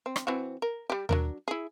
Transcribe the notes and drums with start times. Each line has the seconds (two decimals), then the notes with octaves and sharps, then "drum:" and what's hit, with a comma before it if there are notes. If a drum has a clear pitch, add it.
0.06 C4
0.16 drum: rim click
0.27 E3 C4 F#4
0.62 A#4
0.90 G3 G4
1.09 F#3 D4 A#4, drum: tom D#2
1.48 E4 G#4